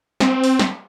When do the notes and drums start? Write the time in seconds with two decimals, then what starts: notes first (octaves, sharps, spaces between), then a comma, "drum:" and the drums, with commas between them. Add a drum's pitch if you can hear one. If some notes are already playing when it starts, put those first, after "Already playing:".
0.20 C4, drum: snare
0.44 drum: open hi-hat
0.59 drum: snare